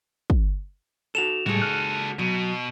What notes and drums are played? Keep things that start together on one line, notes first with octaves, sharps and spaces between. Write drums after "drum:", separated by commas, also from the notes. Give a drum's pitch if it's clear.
drum: kick
F#4 A4 E7 F7
C#2 A2 G3 F#4 G#4 A4
F6 F#6
B2 F#3